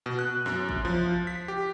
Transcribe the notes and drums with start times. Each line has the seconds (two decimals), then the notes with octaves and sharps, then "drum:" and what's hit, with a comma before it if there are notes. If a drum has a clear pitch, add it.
0.06 B2
0.19 F#6
0.46 F#2, drum: snare
0.69 drum: kick
0.85 F3
1.27 B6
1.48 G4